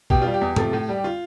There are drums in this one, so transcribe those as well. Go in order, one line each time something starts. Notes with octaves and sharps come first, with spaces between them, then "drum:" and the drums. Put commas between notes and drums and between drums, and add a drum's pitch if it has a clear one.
B2 G4, drum: kick A1
G3 F4
G4
E2
C3 F3 A3, drum: tom
A2
G3
G4
F4